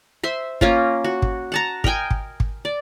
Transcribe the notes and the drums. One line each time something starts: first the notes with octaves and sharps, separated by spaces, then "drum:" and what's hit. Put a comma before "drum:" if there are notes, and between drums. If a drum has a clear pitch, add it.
C5 E5 C6
A#3 C#4 F4, drum: kick
F#4
drum: kick
F#5 A5 A#5
A#4 D#5 G5 G#5, drum: kick
drum: kick
drum: kick
D5